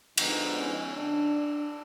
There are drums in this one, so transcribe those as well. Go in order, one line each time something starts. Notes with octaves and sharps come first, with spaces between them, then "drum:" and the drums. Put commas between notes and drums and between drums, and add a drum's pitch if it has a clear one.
D3 F3 G#3 B3 D#4, drum: cymbal
C#4
D4